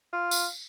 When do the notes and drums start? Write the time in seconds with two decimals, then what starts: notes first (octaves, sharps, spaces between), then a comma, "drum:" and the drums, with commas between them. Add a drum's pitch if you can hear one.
0.13 F4
0.31 drum: tambourine